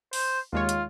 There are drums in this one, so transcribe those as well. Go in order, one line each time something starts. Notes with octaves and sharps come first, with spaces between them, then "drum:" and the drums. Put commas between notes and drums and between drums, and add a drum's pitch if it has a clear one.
C5, drum: open hi-hat
D#2 G#3 F4 C#5
drum: hi-hat